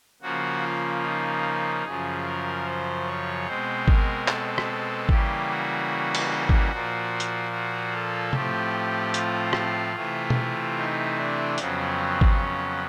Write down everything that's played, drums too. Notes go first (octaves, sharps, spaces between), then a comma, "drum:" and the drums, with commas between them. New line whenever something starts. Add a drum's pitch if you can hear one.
C#3 F3 A#3 F#4
F4
D#4
F#2 C#3 F3 G#4
A#4
C5
C#5
B2 G#3 C4 C5
A#4, drum: kick G#1
A4, drum: clap
drum: rim click
C#3 E3 G3 A#3 G4, drum: kick G#1
F#4
drum: cymbal
drum: kick G#1
A#2 F3 A#3
drum: hi-hat
F#4
A4
A2 F3 A3 C4 G4, drum: tom C3
F4, drum: hi-hat
drum: rim click
C3 E3 A3 C4
drum: tom B2
D#4
D4
F2 C#3 F#3 B3 C4, drum: hi-hat
drum: kick G#1
C#4